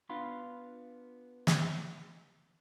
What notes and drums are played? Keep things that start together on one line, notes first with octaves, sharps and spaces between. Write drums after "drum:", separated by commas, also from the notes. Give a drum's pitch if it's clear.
B3 D4 F4 F5 B5 C6
drum: snare